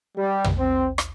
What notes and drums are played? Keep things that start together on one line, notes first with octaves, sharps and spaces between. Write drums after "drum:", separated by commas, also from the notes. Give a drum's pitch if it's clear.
G3
drum: tom
C4
drum: rim click